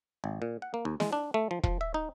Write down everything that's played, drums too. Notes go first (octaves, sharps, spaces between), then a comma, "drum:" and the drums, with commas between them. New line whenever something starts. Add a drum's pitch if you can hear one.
G#1
A#2
F#5
A#3
D#2
G#3, drum: snare
D4
A3
F3
F3, drum: kick
E5
D#4